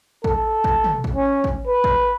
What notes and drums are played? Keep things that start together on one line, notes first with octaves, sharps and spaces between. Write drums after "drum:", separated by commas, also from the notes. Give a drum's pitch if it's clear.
A4, drum: kick A1
drum: kick A1
drum: tom
drum: kick A1
C#4
drum: kick A1
B4
drum: kick A1